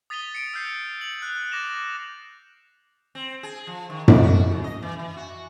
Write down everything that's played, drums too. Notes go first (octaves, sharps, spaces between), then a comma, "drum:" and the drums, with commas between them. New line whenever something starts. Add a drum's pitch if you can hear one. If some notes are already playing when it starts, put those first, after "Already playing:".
D#6 A6 B6 D#7 F7 G7
C#7 D7
E6 F6 G6 C7
F#7
F#6
D6 A#6 E7 F7
C4
G#4
F3
D#3
D5, drum: tom F#2
F#4
F#2
D#5
E3
E3
F#4